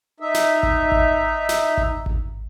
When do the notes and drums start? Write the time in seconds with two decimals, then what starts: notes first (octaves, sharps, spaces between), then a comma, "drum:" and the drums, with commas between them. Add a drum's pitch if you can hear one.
0.20 D#4 E5
0.34 drum: snare
0.63 drum: kick G#1
0.92 drum: kick G#1
1.49 drum: snare
1.77 drum: kick G#1
2.06 drum: kick G#1